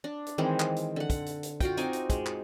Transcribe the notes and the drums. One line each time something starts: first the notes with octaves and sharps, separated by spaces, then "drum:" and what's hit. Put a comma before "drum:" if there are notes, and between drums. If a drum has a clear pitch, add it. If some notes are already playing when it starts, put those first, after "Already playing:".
D4
drum: hi-hat
D#3 E3 G#3 C4
drum: clap
drum: hi-hat
D3 F#5
drum: kick, hi-hat
drum: hi-hat
drum: hi-hat
F4 F#4 G5, drum: kick, hi-hat
C4 D#4 G#5 D6, drum: hi-hat
drum: hi-hat
G#3, drum: kick, hi-hat
drum: clap